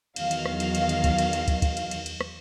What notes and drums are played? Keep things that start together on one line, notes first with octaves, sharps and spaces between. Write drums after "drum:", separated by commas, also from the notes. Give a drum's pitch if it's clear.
E2 D#3 F#3 F5, drum: cymbal
drum: cymbal
drum: rim click
drum: cymbal
drum: cymbal
drum: cymbal
drum: kick, cymbal
drum: cymbal
drum: cymbal
drum: kick, cymbal
drum: kick, cymbal
drum: cymbal
drum: cymbal
drum: cymbal
drum: rim click